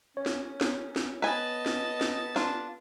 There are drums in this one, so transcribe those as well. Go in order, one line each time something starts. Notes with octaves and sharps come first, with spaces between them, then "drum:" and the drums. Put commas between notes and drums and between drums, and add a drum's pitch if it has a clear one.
C#4 C#5
drum: snare
drum: snare
drum: snare
B3 B4 D#5 G#5 A5
drum: snare
drum: snare
D4 F4, drum: snare